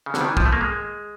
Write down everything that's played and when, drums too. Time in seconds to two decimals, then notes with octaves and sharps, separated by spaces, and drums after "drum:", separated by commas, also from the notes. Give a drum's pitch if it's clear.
0.06 C#3
0.14 D3, drum: snare
0.21 D#3
0.29 E3
0.37 F3, drum: kick
0.45 A3
0.52 A#3
0.61 G#3